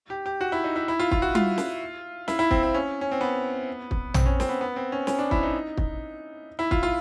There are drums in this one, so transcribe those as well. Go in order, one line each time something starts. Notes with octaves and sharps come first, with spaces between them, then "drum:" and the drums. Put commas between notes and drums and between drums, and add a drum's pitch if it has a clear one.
G4
G4
F#4
E4
D#4
E4
E4
F4
F4, drum: kick
F#4
F4, drum: tom G3
drum: snare
E4, drum: snare
E4
C4, drum: kick
C4
C#4
C#4
C4
B3
drum: kick
C4, drum: tom A#1
C#4
C4, drum: snare
B3
B3
C4
C#4
C#4, drum: snare
D4
E4, drum: kick
D#4
drum: kick
E4
F4, drum: kick
F4